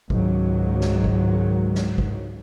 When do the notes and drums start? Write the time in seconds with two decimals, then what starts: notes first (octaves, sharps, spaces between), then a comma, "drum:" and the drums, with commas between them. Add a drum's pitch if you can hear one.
0.10 C#2 G#2 D#3 F#3, drum: kick
0.81 drum: snare
1.04 drum: kick
1.75 drum: snare
1.98 drum: kick